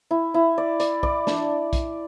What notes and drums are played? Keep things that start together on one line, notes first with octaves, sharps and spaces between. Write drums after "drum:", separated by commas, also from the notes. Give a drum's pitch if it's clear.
E4
E4
D5
D5, drum: hi-hat
D5, drum: kick
D4, drum: snare
drum: kick, hi-hat